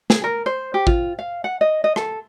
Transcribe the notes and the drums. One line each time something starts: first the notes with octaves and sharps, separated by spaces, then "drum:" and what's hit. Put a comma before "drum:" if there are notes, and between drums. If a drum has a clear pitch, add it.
G#4, drum: snare
A#4
C5
G4
F4, drum: kick A1
F5
F#5
D#5
D#5
A4, drum: rim click